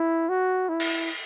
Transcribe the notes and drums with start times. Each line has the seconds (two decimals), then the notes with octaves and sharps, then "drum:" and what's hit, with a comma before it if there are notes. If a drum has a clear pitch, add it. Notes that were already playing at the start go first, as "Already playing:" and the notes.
Already playing: E4
0.29 F#4
0.69 E4
0.80 drum: cymbal